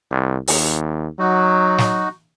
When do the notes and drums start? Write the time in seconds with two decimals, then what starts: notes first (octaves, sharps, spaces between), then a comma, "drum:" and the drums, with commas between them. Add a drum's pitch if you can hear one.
0.11 C2
0.48 D#2, drum: open hi-hat
1.19 F#3 D#4 F#4
1.78 drum: snare